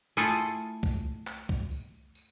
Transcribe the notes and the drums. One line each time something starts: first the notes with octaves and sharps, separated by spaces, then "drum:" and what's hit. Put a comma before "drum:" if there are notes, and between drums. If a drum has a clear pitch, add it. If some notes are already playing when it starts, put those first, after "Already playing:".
A3 E4 F4 G#4 A4
drum: tambourine
drum: kick, tambourine
drum: clap
drum: kick
drum: tambourine
drum: tambourine